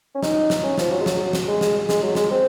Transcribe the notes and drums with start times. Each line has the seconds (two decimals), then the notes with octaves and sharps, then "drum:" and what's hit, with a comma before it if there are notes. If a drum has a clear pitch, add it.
0.15 C#4
0.22 D#4, drum: snare
0.50 drum: snare
0.63 C#4
0.78 F3, drum: snare
0.91 F#3
1.00 G#3
1.06 F#3, drum: snare
1.33 drum: snare
1.47 G#3
1.61 drum: snare
1.89 G#3, drum: snare
2.02 F#3
2.15 G#3, drum: snare
2.31 C4